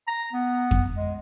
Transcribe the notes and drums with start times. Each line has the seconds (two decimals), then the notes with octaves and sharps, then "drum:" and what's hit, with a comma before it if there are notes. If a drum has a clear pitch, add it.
0.08 A#5
0.33 B3
0.71 drum: kick F2
0.96 G#3